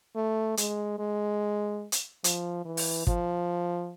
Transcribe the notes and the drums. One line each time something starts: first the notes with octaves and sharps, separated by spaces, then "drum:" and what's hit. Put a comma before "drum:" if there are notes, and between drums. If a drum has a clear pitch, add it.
A3
G#3, drum: hi-hat
G#3
drum: hi-hat
F3, drum: hi-hat
E3
drum: open hi-hat
F3, drum: kick